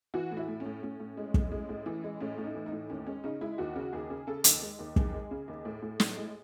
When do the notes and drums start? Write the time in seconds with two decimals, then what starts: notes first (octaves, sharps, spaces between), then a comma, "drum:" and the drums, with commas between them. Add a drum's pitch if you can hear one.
0.14 E3 F#4
0.31 A2
0.37 E4
0.48 A2
0.60 C#4
0.66 A2
0.83 A2 C#4
1.00 A2
1.17 G#3
1.34 A2, drum: kick
1.52 G#3
1.69 A2
1.86 E3
2.04 G#3
2.20 A2 C#4
2.38 A2
2.44 D#4
2.55 E3
2.66 D#4
2.72 A2
2.90 D#2 C#4
3.06 G#3 C#4
3.24 C#3 D#4
3.41 G#3 E4
3.58 D#2 F#4
3.76 C#3
3.93 D#2 G#4
4.10 C#3
4.27 C#3 A4
4.44 D#2, drum: hi-hat
4.62 G#3
4.79 D#2
4.96 D#2 G#4, drum: kick
5.14 G#3
5.31 C#3
5.48 D#2
5.65 A2
5.82 A2
6.00 A2, drum: snare
6.17 G#3